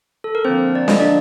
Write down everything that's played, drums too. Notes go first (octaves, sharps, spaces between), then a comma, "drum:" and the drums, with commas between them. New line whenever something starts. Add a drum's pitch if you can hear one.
A4
A#4
D3 F3 A#3 C4 C5
D5
D#5, drum: snare
D4 D5